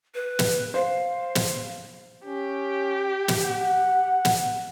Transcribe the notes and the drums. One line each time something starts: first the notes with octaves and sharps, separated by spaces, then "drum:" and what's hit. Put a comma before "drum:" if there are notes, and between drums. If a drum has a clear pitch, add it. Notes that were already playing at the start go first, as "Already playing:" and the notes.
B4
drum: snare
C5 F5
drum: snare
C#4 G4
drum: snare
F#5
drum: snare